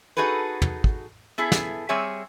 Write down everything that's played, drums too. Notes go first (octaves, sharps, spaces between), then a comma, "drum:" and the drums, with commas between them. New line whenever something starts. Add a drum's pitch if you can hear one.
D#4 F#4 G#4 A4 B4
drum: tom
drum: kick
B3 E4 G#4 A4
drum: snare
G3 C4 G#4 C#5 E5 G#5